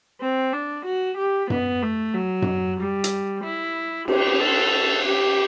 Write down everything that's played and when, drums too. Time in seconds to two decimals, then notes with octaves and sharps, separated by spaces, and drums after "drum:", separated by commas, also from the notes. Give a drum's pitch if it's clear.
0.21 C4
0.53 D4
0.85 F#4
1.17 G4
1.50 B3, drum: tom F#2
1.82 A3
2.14 F#3
2.42 drum: tom F#2
2.79 G3
3.04 drum: hi-hat
3.43 E4
4.08 G4, drum: cymbal
4.40 A4
5.05 G4